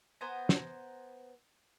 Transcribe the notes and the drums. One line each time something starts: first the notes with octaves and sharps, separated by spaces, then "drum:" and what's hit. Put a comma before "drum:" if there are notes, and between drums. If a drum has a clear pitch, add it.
B3 C5 G#5 A#5
drum: snare